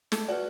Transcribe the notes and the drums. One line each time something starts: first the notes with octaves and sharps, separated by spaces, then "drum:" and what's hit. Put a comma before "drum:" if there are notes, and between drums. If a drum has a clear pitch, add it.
G#4 A4, drum: snare
F#4 B4 D5